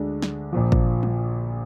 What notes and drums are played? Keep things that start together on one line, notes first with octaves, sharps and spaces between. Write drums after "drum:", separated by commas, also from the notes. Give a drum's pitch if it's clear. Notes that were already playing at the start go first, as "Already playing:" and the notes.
Already playing: D2 D3 G#3 D4
drum: snare
A#1 A#2 F3
drum: kick
drum: tom